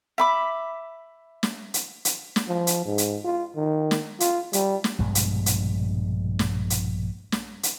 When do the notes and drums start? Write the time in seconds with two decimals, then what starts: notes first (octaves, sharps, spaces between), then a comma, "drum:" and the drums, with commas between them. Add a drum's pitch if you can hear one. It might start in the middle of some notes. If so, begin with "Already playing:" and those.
0.18 E5 B5 D6
1.43 drum: snare
1.74 drum: hi-hat
2.05 drum: hi-hat
2.36 drum: snare
2.48 F3
2.67 drum: hi-hat
2.86 G#2
2.98 drum: hi-hat
3.25 F4
3.56 D#3
3.91 drum: snare
4.20 F4, drum: hi-hat
4.53 G3, drum: hi-hat
4.84 drum: snare
4.99 A#1 G2 B2 G#3
5.15 drum: hi-hat
5.46 drum: hi-hat
6.39 drum: snare
6.70 drum: hi-hat
7.32 drum: snare
7.63 drum: hi-hat